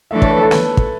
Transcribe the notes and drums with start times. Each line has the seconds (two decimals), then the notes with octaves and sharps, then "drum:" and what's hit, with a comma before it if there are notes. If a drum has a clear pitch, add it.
0.11 E3 A3 D4 A4 E5
0.22 C#5, drum: kick
0.31 B4
0.41 A4
0.51 B4, drum: snare
0.77 drum: kick